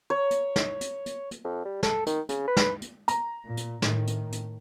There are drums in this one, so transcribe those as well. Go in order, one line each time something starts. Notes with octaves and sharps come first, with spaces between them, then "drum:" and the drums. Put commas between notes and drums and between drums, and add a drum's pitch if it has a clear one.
C#5
drum: hi-hat
drum: snare
drum: hi-hat
drum: hi-hat
drum: hi-hat
F2
G3
A4, drum: snare
D#3, drum: hi-hat
C#3, drum: hi-hat
B4
drum: snare
drum: hi-hat
A#5, drum: hi-hat
A#2
drum: hi-hat
A2 D#3, drum: snare
drum: hi-hat
drum: hi-hat